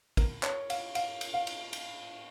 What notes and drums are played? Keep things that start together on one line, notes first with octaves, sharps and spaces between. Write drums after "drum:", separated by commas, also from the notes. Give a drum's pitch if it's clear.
A#4, drum: kick, cymbal
C#5, drum: clap
F5, drum: cymbal
F5, drum: cymbal
drum: cymbal
F5
drum: cymbal
drum: cymbal